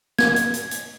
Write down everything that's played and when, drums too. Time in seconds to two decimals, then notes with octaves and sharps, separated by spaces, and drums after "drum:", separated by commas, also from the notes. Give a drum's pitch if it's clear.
0.19 G#6, drum: snare
0.36 drum: hi-hat
0.54 drum: hi-hat
0.71 drum: hi-hat